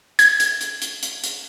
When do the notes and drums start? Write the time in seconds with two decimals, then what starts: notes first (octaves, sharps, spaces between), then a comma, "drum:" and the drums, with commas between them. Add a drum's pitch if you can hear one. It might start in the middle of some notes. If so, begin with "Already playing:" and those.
0.19 G#6, drum: hi-hat
0.40 drum: hi-hat
0.61 drum: hi-hat
0.82 drum: hi-hat
1.03 drum: hi-hat
1.24 drum: hi-hat